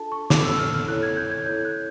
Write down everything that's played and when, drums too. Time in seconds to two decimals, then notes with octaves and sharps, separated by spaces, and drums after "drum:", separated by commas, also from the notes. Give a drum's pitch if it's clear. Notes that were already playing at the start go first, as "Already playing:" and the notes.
Already playing: D4 F4 A4 A5
0.12 C#6
0.30 D4 F4 A4 D6, drum: snare
0.45 E6
0.59 F6
0.74 F6
0.88 E4 A4 C#5 F#6
1.03 G#6
1.17 G6
1.31 G#6
1.46 E4 A4 C#5 G6
1.65 F#6